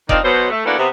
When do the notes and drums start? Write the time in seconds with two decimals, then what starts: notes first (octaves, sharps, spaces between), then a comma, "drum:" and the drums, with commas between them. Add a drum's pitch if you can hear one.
0.09 D#3 C4 D4 D#4 F4 D5, drum: kick F1
0.23 B2 F#3 C5
0.50 A3
0.65 E3 A#3 B3 D4 F#4 A4
0.78 C3 B3